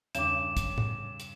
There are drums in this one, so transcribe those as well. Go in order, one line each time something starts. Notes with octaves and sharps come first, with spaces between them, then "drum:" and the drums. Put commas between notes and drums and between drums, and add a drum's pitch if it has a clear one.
E2 G2 C#3 C#5 D6 E7, drum: hi-hat
drum: kick, hi-hat
drum: tom
drum: hi-hat